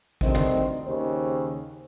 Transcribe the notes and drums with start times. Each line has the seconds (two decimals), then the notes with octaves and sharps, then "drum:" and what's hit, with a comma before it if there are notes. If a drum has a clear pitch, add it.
0.21 D2 G2 D#3 C4 D4 D#5, drum: kick A1
0.35 drum: tom
0.86 D#2 C#3 C5